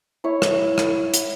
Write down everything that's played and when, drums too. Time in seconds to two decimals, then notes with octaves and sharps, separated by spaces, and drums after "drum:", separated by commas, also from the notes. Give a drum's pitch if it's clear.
0.24 E4 C#5
0.42 drum: rim click
0.78 drum: rim click
1.14 drum: hi-hat